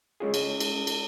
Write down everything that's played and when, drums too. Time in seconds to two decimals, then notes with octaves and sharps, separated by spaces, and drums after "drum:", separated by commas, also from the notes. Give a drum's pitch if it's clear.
0.20 G#3 C#4 F4 G#4
0.34 drum: cymbal
0.60 drum: cymbal
0.87 drum: cymbal